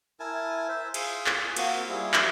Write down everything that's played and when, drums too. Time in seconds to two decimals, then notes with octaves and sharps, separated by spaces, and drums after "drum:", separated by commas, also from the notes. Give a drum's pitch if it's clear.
0.20 E4 A#4 G#5 A5
0.68 C5 E5
0.94 F4 G#4, drum: cymbal
1.26 drum: clap
1.57 A#3 C4 F4 F#4, drum: cymbal
1.89 G3 E4 F4 G#4
2.14 drum: clap